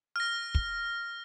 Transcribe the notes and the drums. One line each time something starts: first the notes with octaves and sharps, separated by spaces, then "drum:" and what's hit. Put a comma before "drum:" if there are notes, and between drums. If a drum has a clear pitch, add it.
F6 A#6
drum: kick